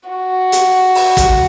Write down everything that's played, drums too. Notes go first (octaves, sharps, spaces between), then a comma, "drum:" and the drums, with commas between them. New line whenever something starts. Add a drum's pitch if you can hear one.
F#4
drum: hi-hat
drum: open hi-hat
drum: kick, hi-hat